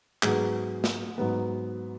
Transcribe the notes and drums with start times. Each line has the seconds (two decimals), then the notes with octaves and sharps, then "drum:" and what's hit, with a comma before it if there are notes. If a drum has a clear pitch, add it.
0.23 G#2 F#3 B3 G#4, drum: clap
0.84 drum: snare
1.18 G#2 F#3 B3